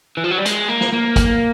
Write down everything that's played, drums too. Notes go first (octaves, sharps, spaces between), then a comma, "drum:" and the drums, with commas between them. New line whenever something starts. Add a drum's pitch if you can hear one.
E3
F3
F#3
G3
G#3, drum: hi-hat
A#3
drum: snare
A#3
drum: kick, hi-hat